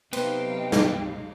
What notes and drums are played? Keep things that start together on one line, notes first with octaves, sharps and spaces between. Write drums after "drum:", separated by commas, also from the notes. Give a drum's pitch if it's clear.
C3 F#3 B3 D#4 B4 C5 F5 G5, drum: cymbal
drum: snare